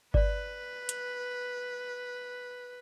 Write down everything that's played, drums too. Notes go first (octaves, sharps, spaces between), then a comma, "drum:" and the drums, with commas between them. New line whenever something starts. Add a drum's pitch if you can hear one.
B4 D5, drum: kick G1
drum: hi-hat